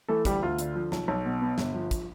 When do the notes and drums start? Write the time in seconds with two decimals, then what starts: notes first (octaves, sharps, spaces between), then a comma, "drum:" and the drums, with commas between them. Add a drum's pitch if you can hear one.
0.08 E3 A3 A4
0.25 D2 G3 G4, drum: kick, hi-hat
0.42 D2 F4
0.58 D3, drum: hi-hat
0.75 F3
0.92 B1, drum: snare
1.08 B1
1.25 B2
1.42 B3
1.58 G1, drum: snare
1.75 F3
1.91 drum: kick, hi-hat